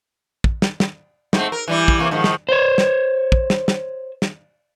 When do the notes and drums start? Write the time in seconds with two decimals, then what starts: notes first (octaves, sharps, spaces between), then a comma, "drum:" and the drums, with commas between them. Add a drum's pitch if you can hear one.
0.44 drum: kick
0.62 drum: snare
0.80 drum: snare
1.33 G#2 A3 C4, drum: snare
1.52 A#4
1.68 E3 G3 E4
1.88 drum: kick
1.99 C3 E3 A#3
2.11 G#2 D#3 F3
2.24 drum: snare
2.49 C5 C#5
2.78 drum: snare
3.32 drum: kick
3.50 drum: snare
3.68 drum: snare
4.22 drum: snare